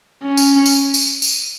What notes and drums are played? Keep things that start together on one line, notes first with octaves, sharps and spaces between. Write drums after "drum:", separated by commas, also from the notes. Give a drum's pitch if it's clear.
C#4
drum: tambourine
drum: tambourine
drum: tambourine
drum: tambourine